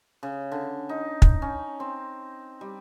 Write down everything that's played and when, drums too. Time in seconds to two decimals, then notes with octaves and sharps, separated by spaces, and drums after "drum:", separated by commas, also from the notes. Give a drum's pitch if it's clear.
0.23 C#3
0.52 D3
0.89 D#4
1.22 drum: kick
1.42 C#4
1.80 C4
2.61 G3